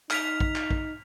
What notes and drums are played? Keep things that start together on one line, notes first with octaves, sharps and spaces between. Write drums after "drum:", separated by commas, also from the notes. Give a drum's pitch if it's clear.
D#4 F6 B6 F7, drum: clap
drum: kick
drum: clap
drum: kick